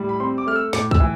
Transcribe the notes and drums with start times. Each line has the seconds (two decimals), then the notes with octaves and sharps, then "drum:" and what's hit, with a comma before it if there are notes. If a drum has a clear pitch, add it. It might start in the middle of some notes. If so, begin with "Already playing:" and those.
Already playing: A2 G3
0.09 B5
0.20 C4 C6
0.38 D6
0.46 A3 F6
0.56 E6
0.73 A2 D6, drum: snare
0.91 E6, drum: kick
1.00 E3